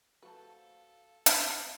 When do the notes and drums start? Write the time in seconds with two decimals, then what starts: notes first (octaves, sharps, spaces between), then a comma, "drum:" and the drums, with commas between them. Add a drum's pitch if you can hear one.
0.22 A3 F#4 A4 B4 C5 F5 A5
1.26 drum: hi-hat